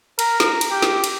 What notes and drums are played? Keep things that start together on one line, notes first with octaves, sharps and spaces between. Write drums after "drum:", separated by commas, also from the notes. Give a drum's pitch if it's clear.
A#4, drum: cymbal
drum: snare
drum: cymbal
G4
drum: snare
drum: cymbal